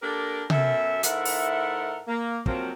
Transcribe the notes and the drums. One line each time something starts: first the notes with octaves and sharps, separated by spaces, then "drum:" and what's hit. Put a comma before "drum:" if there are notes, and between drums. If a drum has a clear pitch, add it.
A#3 D4 G4 A4 A#4
F#2 B2 A4 E5, drum: tom C3
G#2 E4 A4 A#4 E5 F#5, drum: hi-hat
drum: open hi-hat
A#3
C3 F3 F#3 A#3 C4, drum: kick